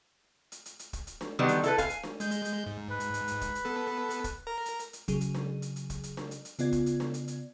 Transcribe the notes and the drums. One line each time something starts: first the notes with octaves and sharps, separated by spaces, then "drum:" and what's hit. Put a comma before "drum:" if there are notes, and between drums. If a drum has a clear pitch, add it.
drum: hi-hat
drum: hi-hat
drum: hi-hat
drum: kick, hi-hat
drum: hi-hat
drum: snare D4
D3 D#3 F#3 G3 B3
drum: hi-hat
E4 A4 B4, drum: hi-hat
F5 G#5, drum: kick, hi-hat
drum: hi-hat
drum: snare D4
G#3 G6, drum: hi-hat
drum: hi-hat
drum: hi-hat
G#2
B4
drum: hi-hat
drum: hi-hat
drum: hi-hat
drum: kick, hi-hat
drum: hi-hat
B3 A4
drum: hi-hat
drum: kick, hi-hat
A#4 A#5
drum: hi-hat
drum: hi-hat
drum: hi-hat
C#3 F#3 G#4, drum: kick, hi-hat
drum: hi-hat
drum: snare D4
drum: hi-hat
drum: hi-hat
drum: kick, hi-hat
drum: hi-hat
drum: snare D4
drum: hi-hat
drum: hi-hat
C#3 B3 F4 D5 G#6, drum: hi-hat
drum: kick, hi-hat
drum: hi-hat
drum: snare D4
drum: hi-hat
drum: hi-hat